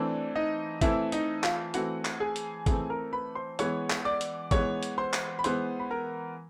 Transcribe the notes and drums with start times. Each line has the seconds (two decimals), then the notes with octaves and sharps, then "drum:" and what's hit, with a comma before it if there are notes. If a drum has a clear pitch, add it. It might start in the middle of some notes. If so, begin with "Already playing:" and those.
Already playing: E3 A3 C4 D4 D5
0.36 D#4 D#5
0.81 E3 A3 C4 E4 E5, drum: kick G#1, hi-hat
1.12 D#4 D#5, drum: hi-hat
1.43 F4 F5, drum: clap
1.74 E3 A3 C4 F#4 F#5, drum: hi-hat
2.05 drum: clap
2.20 G#4 G#5
2.36 drum: hi-hat
2.66 E3 A3 C4 G#4 G#5, drum: kick G#1, hi-hat
2.90 A#4 A#5
3.13 B4 B5
3.35 C5 C6
3.59 E3 G#3 B3 C#5 C#6, drum: hi-hat
3.90 drum: clap
4.05 D5 D6
4.21 drum: hi-hat
4.51 E3 G#3 B3 C#5 C#6, drum: kick G#1, hi-hat
4.83 drum: hi-hat
4.98 C5 C6
5.13 drum: clap
5.39 B5
5.44 E3 G#3 B3 C5 C6, drum: hi-hat
5.80 B5
5.91 A#4 A#5